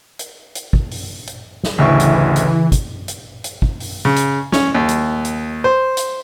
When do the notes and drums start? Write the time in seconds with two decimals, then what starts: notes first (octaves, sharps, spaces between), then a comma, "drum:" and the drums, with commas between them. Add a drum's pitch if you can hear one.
0.19 drum: hi-hat
0.55 drum: hi-hat
0.73 drum: kick
0.91 drum: open hi-hat
1.27 drum: hi-hat
1.64 drum: snare
1.78 A1 D2 C#3 E3 E5 G5 C#6
2.00 drum: hi-hat
2.36 drum: hi-hat
2.72 drum: kick, hi-hat
3.08 drum: hi-hat
3.44 drum: hi-hat
3.62 drum: kick
3.80 drum: open hi-hat
4.05 C#3
4.16 drum: hi-hat
4.52 C#4, drum: snare
4.75 D#2
4.89 drum: hi-hat
5.25 drum: hi-hat
5.64 C5
5.97 drum: hi-hat